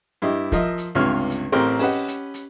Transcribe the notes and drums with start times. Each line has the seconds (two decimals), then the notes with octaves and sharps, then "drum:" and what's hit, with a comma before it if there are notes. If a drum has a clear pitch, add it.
0.22 G2 E4 G4 D#5
0.52 F3 F4 A#4 D#5 E5, drum: kick, hi-hat
0.78 drum: hi-hat
0.95 C#2 G2 C3 F4 C#5 F6
1.30 drum: hi-hat
1.52 A1 C4 G4 A#4 G5 C6
1.79 C#4 G4 B4 D#5 F#5, drum: open hi-hat
2.08 drum: hi-hat
2.34 drum: hi-hat